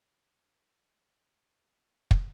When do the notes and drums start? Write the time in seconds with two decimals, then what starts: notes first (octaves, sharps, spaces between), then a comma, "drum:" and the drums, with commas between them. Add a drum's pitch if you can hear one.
0.03 E2 D3 G#3 C5 C#5
2.11 drum: kick